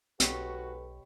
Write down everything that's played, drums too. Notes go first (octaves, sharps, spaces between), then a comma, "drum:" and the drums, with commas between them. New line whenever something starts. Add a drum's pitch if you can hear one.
B1 G#2 B2 F#4 G4 A4 B4 C#5, drum: hi-hat